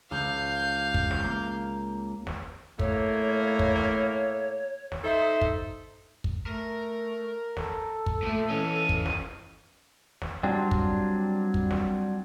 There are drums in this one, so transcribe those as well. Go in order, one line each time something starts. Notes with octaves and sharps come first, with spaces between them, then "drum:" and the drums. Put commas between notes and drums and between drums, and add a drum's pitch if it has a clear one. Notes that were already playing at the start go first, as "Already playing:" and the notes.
C#2 F5 G6
drum: kick
drum: snare
A#3
drum: snare
A2 A3 A#3 C#5, drum: kick
drum: kick
drum: snare
drum: snare
D#4 A4 C5 E5
drum: kick
drum: kick
A3 A#4
A4, drum: snare
drum: kick
A#2 F3 A3
E3 C#4 F4 D#5
drum: kick
drum: snare
drum: snare
F#3 G3 C4 D4 F4
drum: kick
drum: kick
drum: snare